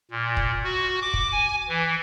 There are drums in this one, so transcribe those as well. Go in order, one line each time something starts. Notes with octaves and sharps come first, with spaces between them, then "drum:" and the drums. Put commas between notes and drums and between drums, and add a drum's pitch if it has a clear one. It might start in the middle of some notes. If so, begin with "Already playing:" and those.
A#2
drum: kick
F#4
D6
drum: kick
G#5
E3